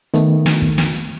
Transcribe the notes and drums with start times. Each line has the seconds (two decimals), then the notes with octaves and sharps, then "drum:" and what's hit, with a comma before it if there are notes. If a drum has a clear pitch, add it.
0.14 D#3 A3 B3, drum: hi-hat
0.46 drum: snare
0.62 drum: kick
0.78 drum: snare
0.94 drum: hi-hat